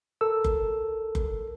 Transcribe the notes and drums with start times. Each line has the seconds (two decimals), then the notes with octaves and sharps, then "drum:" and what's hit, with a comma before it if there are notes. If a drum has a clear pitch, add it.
0.21 A4 A#4 E6
0.44 drum: kick F#1
1.15 drum: kick F#1